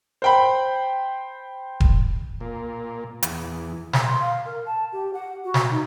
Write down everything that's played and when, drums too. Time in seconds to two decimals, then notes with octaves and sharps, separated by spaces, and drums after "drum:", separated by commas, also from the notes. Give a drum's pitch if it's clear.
0.22 C5 G5 B5
1.80 drum: kick E1
2.41 A#2
3.23 E2, drum: hi-hat
3.93 drum: snare
4.07 C6
4.21 F5
4.46 A#4
4.66 A5
4.93 G4
5.14 F#5
5.44 F#4
5.54 drum: snare
5.71 D#4